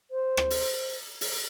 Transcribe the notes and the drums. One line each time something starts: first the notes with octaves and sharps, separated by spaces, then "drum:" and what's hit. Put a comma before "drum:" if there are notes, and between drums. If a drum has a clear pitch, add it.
C5
drum: rim click
drum: open hi-hat
drum: open hi-hat